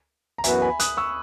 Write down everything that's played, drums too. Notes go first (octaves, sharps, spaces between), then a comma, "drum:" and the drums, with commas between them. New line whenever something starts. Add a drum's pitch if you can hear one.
A#5
F#2 E3 B3 F#4 B4 E5 G#5, drum: hi-hat
G#5 B5
D#6 F#6, drum: hi-hat
C#6 E6